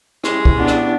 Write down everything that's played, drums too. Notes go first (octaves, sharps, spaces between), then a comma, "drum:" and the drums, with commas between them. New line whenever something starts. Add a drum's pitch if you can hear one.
G#3 C#4 E4 G4, drum: rim click
drum: kick
B3 D4
drum: rim click